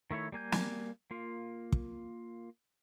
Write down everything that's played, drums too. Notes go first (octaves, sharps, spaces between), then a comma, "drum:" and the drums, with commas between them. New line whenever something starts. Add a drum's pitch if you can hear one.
D#3 A3 E4 C#5
G3 A#3 G#5 G6
drum: snare
A#3 F4
drum: kick